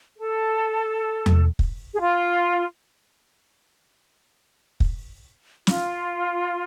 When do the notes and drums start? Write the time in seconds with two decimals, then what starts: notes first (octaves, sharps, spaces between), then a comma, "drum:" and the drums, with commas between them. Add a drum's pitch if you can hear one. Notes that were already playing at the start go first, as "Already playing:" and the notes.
0.17 A4
1.26 drum: tom E2
1.59 drum: kick
1.94 G#4
2.00 F4
4.80 drum: kick
5.67 F4, drum: snare